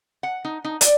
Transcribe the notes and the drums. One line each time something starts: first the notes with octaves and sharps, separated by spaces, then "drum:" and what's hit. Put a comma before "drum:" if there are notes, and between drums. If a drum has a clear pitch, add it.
F#5
D#4
D#4
D5, drum: hi-hat